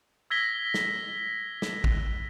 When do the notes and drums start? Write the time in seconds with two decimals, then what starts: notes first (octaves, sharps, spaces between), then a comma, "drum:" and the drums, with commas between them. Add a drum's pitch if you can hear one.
0.30 E6 G#6 A#6 B6 G7
0.74 drum: snare
1.62 drum: snare
1.84 drum: kick